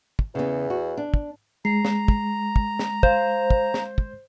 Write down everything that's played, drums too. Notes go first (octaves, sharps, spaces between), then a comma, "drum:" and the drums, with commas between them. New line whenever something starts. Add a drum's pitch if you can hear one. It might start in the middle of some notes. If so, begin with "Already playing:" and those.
drum: kick
E2 C#3 B3
F#4
D4
drum: kick
G#3 A#5 C7
drum: snare
drum: kick
drum: kick
drum: snare
C5 F5, drum: kick
drum: kick
drum: snare
drum: kick